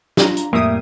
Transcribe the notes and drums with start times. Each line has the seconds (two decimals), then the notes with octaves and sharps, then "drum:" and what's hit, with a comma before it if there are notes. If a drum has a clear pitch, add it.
0.17 D4 F4 A#5, drum: snare
0.37 drum: hi-hat
0.53 F2 A2 G3 A#3 E5 D#6